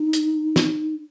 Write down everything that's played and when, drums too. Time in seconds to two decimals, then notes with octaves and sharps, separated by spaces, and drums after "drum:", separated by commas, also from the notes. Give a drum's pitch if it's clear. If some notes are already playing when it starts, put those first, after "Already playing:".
Already playing: D#4
0.13 drum: hi-hat
0.56 drum: snare